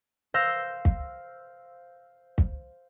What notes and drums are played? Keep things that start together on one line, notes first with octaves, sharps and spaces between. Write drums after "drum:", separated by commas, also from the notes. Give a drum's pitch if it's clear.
C5 F5 E6 G6 A#6
drum: kick
drum: kick